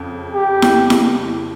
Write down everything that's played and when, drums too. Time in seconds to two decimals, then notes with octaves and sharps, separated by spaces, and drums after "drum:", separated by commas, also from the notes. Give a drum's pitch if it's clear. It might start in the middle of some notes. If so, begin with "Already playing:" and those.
Already playing: F2 C#3
0.35 G4
0.62 drum: snare E4
0.90 drum: snare E4